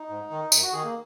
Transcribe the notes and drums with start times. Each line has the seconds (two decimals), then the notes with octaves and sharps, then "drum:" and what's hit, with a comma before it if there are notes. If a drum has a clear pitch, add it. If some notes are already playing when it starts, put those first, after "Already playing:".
Already playing: D#4
0.10 G#2
0.31 D#3
0.52 F#2, drum: tambourine
0.62 F#4
0.73 D#3 G#4
0.84 A#3